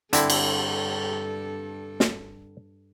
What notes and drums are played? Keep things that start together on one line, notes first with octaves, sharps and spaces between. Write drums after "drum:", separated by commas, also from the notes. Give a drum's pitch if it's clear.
G2 D3 C4 E4 A4, drum: hi-hat
drum: cymbal
drum: snare